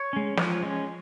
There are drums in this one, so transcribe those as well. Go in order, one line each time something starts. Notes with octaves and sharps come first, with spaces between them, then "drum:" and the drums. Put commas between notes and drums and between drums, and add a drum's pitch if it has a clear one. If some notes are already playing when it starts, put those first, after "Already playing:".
Already playing: C#5
G#3 C#4
F3, drum: snare
G#3 C#4